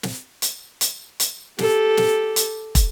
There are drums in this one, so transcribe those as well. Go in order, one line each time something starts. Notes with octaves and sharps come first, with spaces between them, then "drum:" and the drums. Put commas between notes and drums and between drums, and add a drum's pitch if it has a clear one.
drum: snare
drum: hi-hat
drum: hi-hat
drum: hi-hat
G4 A4, drum: snare
drum: snare
drum: hi-hat
drum: kick, hi-hat